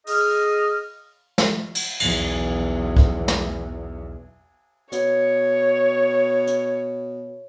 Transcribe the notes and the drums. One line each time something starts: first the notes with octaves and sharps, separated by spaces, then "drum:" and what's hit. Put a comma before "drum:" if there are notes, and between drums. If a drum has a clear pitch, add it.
G#4 D#5 F6, drum: open hi-hat
drum: snare
drum: cymbal
B1 E2, drum: cymbal
drum: kick B1
drum: snare
B2 C#5, drum: hi-hat
drum: hi-hat